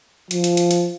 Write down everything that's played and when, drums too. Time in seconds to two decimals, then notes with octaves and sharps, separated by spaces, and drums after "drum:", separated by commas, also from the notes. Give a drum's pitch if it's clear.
0.31 F3, drum: hi-hat
0.44 drum: hi-hat
0.57 drum: hi-hat
0.71 drum: hi-hat